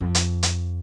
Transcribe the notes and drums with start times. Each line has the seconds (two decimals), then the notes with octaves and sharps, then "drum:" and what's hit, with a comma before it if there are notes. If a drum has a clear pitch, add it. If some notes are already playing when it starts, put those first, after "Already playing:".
0.01 F2
0.15 drum: hi-hat
0.43 drum: hi-hat